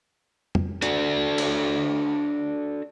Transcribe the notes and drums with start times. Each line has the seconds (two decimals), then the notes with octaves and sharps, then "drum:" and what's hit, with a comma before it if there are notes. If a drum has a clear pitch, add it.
0.55 drum: tom
0.82 D4 F#4 A4 D5, drum: hi-hat
1.38 drum: cymbal